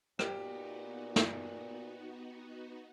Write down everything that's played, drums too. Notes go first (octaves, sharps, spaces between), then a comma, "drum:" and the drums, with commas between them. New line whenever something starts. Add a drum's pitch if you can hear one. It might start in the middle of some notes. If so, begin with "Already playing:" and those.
A#2 B3 D#4 F#4 G4, drum: rim click
drum: snare